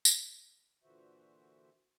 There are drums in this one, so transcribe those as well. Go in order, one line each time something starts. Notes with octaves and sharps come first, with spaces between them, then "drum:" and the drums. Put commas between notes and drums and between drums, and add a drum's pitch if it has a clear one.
drum: tambourine
A#2 D3 E3 F#4 C5 E5